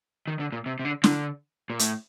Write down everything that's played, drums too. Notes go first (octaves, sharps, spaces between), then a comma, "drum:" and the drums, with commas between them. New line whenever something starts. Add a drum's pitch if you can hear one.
D#3
D3
A#2
C3
C3
D3
D3, drum: snare
A#2
A2, drum: hi-hat